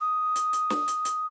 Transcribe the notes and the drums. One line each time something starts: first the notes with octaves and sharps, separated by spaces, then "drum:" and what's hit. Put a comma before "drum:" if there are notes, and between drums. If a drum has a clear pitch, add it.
D#6
drum: hi-hat
drum: hi-hat
drum: snare
drum: hi-hat
drum: hi-hat